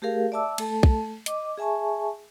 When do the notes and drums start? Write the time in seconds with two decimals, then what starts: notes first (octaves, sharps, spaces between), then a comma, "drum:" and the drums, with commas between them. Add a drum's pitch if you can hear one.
0.02 A3 G4 G#4 A#4 F5
0.32 D5 E5 A5 D6 E6
0.58 A3 A4 A5, drum: cymbal
0.83 drum: kick
1.26 D#5 D6, drum: hi-hat
1.58 G#4 E5 G#5 A5 C#6